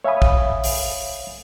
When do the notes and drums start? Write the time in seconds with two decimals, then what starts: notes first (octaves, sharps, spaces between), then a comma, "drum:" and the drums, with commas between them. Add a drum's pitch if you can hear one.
0.04 C#5 E5 F5 G#5 B5 D#6
0.22 drum: kick
0.64 drum: open hi-hat